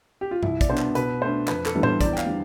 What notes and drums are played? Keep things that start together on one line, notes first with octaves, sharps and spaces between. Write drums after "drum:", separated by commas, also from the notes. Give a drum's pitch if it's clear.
G4
F4
C2 E4, drum: tom G2
D5, drum: kick, hi-hat
B2 B3 D4 C5
drum: clap
B2 B4, drum: hi-hat
A3 D4 C5
F2 B4, drum: clap
A4, drum: clap
E3 G3 B3 D4
C5, drum: tom A2
E2 D5, drum: kick, hi-hat
G5
F5, drum: clap
D3 G3